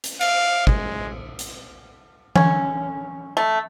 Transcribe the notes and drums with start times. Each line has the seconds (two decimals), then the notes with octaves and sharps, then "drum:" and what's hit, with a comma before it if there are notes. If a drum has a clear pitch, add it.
0.04 drum: hi-hat
0.21 F5, drum: cymbal
0.67 G#3, drum: kick
1.39 drum: hi-hat
2.36 C#4, drum: tom E3
3.37 A3